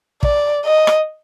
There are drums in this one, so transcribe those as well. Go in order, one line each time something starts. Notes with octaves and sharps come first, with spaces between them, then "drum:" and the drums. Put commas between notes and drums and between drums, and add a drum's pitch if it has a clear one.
D5, drum: kick
D#5
drum: rim click